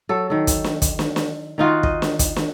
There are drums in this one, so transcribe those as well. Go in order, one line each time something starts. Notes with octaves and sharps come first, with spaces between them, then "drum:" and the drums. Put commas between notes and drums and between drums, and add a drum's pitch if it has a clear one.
F#3 A4
D#3 A4
drum: kick, hi-hat
drum: snare
drum: kick, hi-hat
drum: snare
drum: snare
D#3 D#4 F4 F#4
D#5, drum: kick
drum: snare
drum: kick, hi-hat
drum: snare